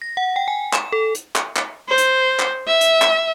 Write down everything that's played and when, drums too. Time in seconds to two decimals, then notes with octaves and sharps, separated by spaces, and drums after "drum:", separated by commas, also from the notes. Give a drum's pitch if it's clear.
0.02 A#6
0.17 F#5
0.36 G5
0.48 G#5
0.73 E7, drum: clap
0.92 A4
1.15 drum: hi-hat
1.36 drum: clap
1.56 drum: clap
1.88 C5
1.98 drum: hi-hat
2.40 drum: clap
2.67 E5
2.81 drum: hi-hat
3.02 drum: clap